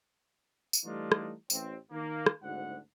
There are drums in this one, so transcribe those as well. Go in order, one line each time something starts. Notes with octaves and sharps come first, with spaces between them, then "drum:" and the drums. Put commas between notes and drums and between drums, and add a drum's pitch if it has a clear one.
drum: tambourine
E3 G3 A3 D4 D#4 F4
drum: rim click
A1 C4, drum: tambourine
D#3 A#3
drum: rim click
F#1 D2 G#2 D3 F#5